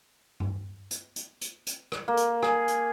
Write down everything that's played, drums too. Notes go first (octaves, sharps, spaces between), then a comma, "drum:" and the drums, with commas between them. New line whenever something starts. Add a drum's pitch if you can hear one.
drum: tom G2
drum: hi-hat
drum: hi-hat
drum: hi-hat
drum: hi-hat
drum: rim click
A#3
drum: hi-hat
G#4, drum: rim click
drum: hi-hat